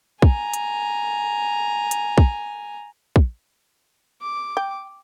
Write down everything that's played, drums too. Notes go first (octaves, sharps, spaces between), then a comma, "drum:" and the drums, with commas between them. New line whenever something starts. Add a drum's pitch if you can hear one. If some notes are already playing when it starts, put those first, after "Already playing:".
G#5 A#5, drum: kick
drum: hi-hat
drum: hi-hat
drum: kick
drum: kick
D6
G5